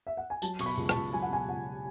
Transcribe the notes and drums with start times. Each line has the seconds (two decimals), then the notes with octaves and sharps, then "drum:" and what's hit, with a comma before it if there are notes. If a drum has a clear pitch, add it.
0.07 E5
0.17 F#5
0.30 G#5
0.42 F#3 A5, drum: tambourine
0.59 B2 C#6, drum: cymbal
0.66 B5
0.77 C#2
0.89 A5, drum: rim click
0.95 C#2
1.13 F#3 G#5
1.22 F#5
1.30 B2 G#5
1.48 C#2 F#5